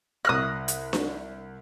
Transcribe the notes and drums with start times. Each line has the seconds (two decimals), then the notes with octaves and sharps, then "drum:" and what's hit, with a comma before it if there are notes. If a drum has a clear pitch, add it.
0.25 C2 D#6 F6 F#6 A#6
0.68 drum: hi-hat
0.93 drum: snare D4